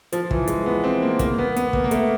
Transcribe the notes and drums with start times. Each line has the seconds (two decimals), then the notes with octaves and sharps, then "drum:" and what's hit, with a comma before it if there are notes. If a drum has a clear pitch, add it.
0.13 F3, drum: hi-hat
0.31 E3, drum: kick
0.48 G#3, drum: hi-hat
0.66 B3
0.84 C4
1.02 A#3
1.19 A#3, drum: kick, hi-hat
1.38 B3
1.56 B3, drum: hi-hat
1.73 A#3, drum: kick
1.84 A#3
1.91 A3, drum: hi-hat